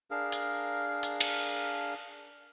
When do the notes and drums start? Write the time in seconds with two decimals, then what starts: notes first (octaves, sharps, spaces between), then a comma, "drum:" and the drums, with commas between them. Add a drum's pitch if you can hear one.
0.11 D4 G#4 A#4 F5
0.32 drum: hi-hat
1.03 drum: hi-hat
1.21 drum: cymbal